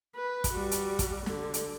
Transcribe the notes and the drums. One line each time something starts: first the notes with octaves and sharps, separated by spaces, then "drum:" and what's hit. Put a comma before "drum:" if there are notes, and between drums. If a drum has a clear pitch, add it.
B4
drum: kick, hi-hat
G3 F#4
drum: hi-hat
drum: kick, hi-hat
D3, drum: snare
drum: hi-hat